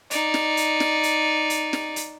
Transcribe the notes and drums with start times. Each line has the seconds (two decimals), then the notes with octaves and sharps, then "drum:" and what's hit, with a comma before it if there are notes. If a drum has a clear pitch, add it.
0.11 D#4 D5, drum: hi-hat
0.34 drum: snare
0.57 drum: hi-hat
0.80 drum: snare
1.03 drum: hi-hat
1.50 drum: hi-hat
1.73 drum: snare
1.96 drum: hi-hat